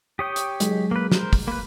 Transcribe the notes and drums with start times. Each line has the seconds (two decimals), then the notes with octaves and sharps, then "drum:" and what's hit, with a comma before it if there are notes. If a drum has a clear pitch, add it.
0.19 G4 C#5 G5 D#6
0.36 drum: hi-hat
0.60 F#3 G#3, drum: hi-hat
0.91 A#3 B4
1.12 A#4 C5, drum: snare
1.33 drum: kick, open hi-hat
1.48 A#3 B4 B5